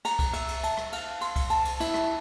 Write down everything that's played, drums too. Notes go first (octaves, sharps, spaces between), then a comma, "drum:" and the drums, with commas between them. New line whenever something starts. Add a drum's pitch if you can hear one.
A#5, drum: cymbal
drum: kick C2, cymbal
E5, drum: cymbal
drum: cymbal
A5, drum: cymbal
drum: rim click
F5, drum: cymbal
C6, drum: cymbal
drum: kick C2, cymbal
A5, drum: cymbal
drum: cymbal
E4, drum: cymbal
drum: rim click